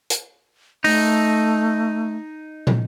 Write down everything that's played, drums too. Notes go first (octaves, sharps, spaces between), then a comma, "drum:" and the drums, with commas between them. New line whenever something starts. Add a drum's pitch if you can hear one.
drum: hi-hat
A3 D#4, drum: open hi-hat
drum: tom